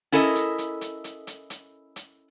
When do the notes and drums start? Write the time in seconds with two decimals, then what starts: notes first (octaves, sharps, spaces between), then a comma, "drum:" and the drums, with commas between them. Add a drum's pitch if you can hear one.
0.12 C#4 E4 A4 A#4 D#5, drum: hi-hat
0.35 drum: hi-hat
0.58 drum: hi-hat
0.81 drum: hi-hat
1.04 drum: hi-hat
1.27 drum: hi-hat
1.50 drum: hi-hat
1.96 drum: hi-hat